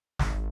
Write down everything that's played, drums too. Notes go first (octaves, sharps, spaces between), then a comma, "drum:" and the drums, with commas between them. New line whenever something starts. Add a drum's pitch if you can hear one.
G#1, drum: snare